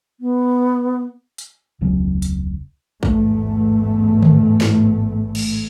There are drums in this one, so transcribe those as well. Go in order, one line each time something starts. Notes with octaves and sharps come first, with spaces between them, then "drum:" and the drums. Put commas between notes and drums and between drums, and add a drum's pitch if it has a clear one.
B3
drum: hi-hat
E1 C#2 C#3 F#3
drum: hi-hat
A1 E2 G#2 E3 A3 B3, drum: kick A#1
drum: tom D3
drum: snare
drum: cymbal